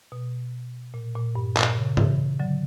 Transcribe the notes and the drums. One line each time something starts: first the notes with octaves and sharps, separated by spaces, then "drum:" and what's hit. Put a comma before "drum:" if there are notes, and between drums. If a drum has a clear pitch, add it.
B2
A#2
A#2
G2
A#2, drum: clap
C#3
C#3 E3, drum: tom G#2
D3 F#3